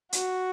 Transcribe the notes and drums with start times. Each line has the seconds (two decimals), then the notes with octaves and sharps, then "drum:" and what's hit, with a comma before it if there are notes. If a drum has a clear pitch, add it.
0.13 F#4, drum: hi-hat